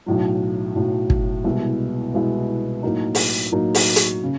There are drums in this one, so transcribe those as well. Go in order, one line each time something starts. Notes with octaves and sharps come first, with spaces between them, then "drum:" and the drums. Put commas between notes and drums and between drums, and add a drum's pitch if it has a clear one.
B1 A2 F#3
B1 A2 F#3
drum: kick
C2 B2 G#3 B3 E4
C2 B2 G#3 B3 E4
A2 F#3 A#3 D#4
drum: open hi-hat
A2 F#3 A#3 D#4
drum: open hi-hat
drum: hi-hat
C#3